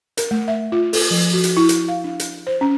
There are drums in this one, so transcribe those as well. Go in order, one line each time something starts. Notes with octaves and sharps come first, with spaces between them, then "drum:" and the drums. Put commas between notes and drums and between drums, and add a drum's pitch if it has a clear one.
A#4, drum: hi-hat
A3
E5
F4
A4, drum: open hi-hat
F3
F#4
drum: hi-hat
E4
drum: hi-hat
F5
D4
drum: hi-hat
C5
C#4